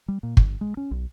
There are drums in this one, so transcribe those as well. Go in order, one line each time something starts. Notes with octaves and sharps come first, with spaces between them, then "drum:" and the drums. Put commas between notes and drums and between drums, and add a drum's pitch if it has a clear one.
G3
A#2
G1, drum: kick
G#3
C#4
B1